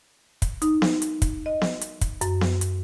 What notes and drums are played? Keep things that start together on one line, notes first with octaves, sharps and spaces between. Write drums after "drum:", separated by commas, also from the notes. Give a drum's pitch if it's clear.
drum: kick, hi-hat
D#4, drum: hi-hat
drum: snare B3
drum: hi-hat
drum: kick, hi-hat
D#5
drum: snare B3
drum: hi-hat
drum: kick, hi-hat
F#2, drum: hi-hat
drum: snare B3
drum: hi-hat